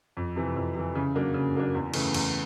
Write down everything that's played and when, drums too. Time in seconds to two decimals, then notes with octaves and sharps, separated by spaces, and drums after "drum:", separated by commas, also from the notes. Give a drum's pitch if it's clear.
0.17 F2
0.36 C3 E3
0.56 F2
0.75 C3 E3
0.95 C#3
1.15 F#3 A#3 D4
1.34 C#3
1.55 F#3 A#3 D4
1.75 E2
1.94 C#3 E3 A3, drum: cymbal
2.14 E2, drum: cymbal